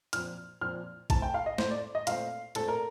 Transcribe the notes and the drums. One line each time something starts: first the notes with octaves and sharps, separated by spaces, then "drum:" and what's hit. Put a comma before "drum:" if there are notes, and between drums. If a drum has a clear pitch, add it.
A#2 F3 C4 F6, drum: hi-hat
A#2 F3 C4 F6
A2 A3 C4 A5, drum: kick A1, hi-hat
G5
F5
D#5
A2 A3 C4 C5, drum: snare
D5
D#5
A#2 A3 C4 F5, drum: hi-hat
A#2 A3 C4 A4, drum: hi-hat
A#4